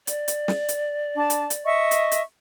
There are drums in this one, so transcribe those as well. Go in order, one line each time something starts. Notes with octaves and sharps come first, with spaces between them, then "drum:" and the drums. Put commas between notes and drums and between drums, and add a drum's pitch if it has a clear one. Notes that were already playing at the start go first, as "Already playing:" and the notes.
D5, drum: hi-hat
drum: hi-hat
drum: snare
drum: hi-hat
D4 A5
drum: hi-hat
drum: hi-hat
D#5 E5 C#6
drum: hi-hat
drum: hi-hat